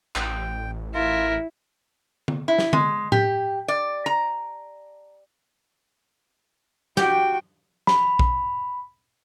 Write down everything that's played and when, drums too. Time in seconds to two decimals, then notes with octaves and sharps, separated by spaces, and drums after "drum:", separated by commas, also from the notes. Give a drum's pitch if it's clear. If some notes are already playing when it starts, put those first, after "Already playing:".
0.16 A1 G5, drum: clap
0.94 E4 F4 A#4
2.28 drum: tom D3
2.48 E4
2.58 drum: snare
2.73 G#3, drum: tom D3
3.12 G4, drum: tom A2
3.68 D5
4.06 A#5
6.97 F#4 G4 G5, drum: snare
7.87 B5, drum: snare
8.19 drum: kick A#1